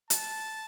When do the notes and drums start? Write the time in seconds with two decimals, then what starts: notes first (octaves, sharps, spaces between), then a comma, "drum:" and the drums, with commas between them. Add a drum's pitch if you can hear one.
0.10 A5, drum: hi-hat